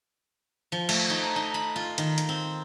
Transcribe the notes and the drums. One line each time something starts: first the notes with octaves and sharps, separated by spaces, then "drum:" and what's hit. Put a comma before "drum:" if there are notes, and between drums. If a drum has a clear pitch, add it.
F3
A3, drum: cymbal
D#4
D#4
B5
F4
D#3, drum: hi-hat
drum: hi-hat
C4